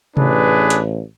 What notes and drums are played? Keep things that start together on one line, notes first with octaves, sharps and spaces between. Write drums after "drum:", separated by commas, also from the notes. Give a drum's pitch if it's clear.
A1 D4 G#4 B4, drum: tom C3
drum: hi-hat